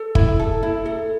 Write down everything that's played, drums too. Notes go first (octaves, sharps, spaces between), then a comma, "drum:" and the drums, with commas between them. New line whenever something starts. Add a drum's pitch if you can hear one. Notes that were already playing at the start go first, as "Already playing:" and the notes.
Already playing: A4
E4, drum: kick
A4
E4
A4